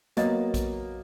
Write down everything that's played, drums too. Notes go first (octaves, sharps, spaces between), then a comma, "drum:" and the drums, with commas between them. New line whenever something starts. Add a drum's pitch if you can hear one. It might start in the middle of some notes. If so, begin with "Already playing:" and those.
F#3 A#3 B3 D#5 A6, drum: hi-hat
drum: kick A#1, hi-hat